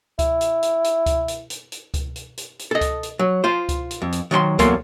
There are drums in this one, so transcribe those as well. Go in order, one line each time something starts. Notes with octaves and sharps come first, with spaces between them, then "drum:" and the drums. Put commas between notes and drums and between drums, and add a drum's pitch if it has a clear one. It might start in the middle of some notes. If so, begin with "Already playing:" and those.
E4, drum: kick C#2, hi-hat
drum: hi-hat
drum: hi-hat
drum: hi-hat
drum: kick C#2, hi-hat
drum: hi-hat
drum: hi-hat
drum: hi-hat
drum: kick C#2, hi-hat
drum: hi-hat
drum: hi-hat
drum: hi-hat
A4 D#5
drum: kick C#2, hi-hat
drum: hi-hat
F#3
F4 C5
drum: kick C#2, hi-hat
drum: hi-hat
F2
drum: hi-hat
D#3 F#3 F#5 C6
E2 F#3 A#3 A4 C6, drum: kick C#2, hi-hat